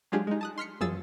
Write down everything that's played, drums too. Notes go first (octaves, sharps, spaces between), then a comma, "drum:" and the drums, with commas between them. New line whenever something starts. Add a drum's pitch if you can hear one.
F#3 G#3 D4 F4 G4 G#4
G#3 D#4
A5 D#6 F#6
C6 F6 B6 C#7
F#2 F4 G#4 E6 A6, drum: tom